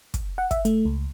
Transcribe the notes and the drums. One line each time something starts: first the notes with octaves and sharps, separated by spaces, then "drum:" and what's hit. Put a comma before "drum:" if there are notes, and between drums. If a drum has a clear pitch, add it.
drum: kick, hi-hat
F#5
E5, drum: kick, hi-hat
A3, drum: hi-hat
C#2